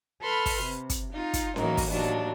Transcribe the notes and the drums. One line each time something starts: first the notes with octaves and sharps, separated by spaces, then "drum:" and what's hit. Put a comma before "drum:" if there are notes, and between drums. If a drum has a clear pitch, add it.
A4 B4 B5 C6 F6
drum: kick, open hi-hat
C3
drum: kick, hi-hat
D#4 F4
drum: kick, hi-hat
A2 D#3 E3 F#3 A#3, drum: snare C#4
drum: kick, open hi-hat
D#2 A2 F#3 D4